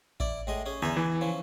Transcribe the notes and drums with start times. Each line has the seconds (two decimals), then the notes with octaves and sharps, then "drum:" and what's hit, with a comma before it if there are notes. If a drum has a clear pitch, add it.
0.20 E4 D5, drum: kick A1
0.47 A2 G#3 D#5
0.66 C#4 G#4
0.82 E2 B4 E5 G#5, drum: tom C#3
0.97 E3
1.21 F3 C#4